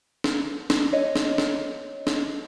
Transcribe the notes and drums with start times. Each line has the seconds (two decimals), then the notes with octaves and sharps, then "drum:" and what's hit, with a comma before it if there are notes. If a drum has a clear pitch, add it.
0.24 drum: snare
0.70 drum: snare
0.93 C#5 D#5
1.16 drum: snare
1.38 drum: snare
2.07 drum: snare